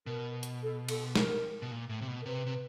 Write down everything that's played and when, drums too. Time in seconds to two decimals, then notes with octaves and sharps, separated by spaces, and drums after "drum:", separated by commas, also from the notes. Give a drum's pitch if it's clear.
0.06 B2 A#4
0.43 drum: hi-hat
0.62 A4
0.89 A4, drum: cymbal
1.15 A#4, drum: snare
1.62 B2
1.71 A#2
1.89 A2
2.01 C3
2.08 B2
2.21 A#4
2.26 C3 B4
2.46 C3